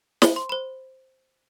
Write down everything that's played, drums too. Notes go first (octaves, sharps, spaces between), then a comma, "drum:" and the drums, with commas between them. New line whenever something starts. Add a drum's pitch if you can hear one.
C5 B5, drum: snare
C6
C5 B5